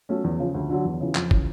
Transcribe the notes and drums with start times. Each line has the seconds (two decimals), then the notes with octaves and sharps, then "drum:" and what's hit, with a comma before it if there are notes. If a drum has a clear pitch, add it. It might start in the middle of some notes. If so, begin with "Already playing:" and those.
0.09 F#3 A3 C#4
0.24 E2
0.39 C#3 F3
0.54 D2
0.70 D3 F#3
0.85 E2
1.00 C#3 E3
1.15 F2, drum: clap
1.31 C#3 E3, drum: kick